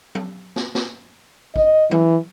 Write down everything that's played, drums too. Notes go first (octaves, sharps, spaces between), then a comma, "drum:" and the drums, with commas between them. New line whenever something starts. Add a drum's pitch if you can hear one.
drum: tom F#3
drum: snare
drum: snare
D#5, drum: kick
E3, drum: tom F#3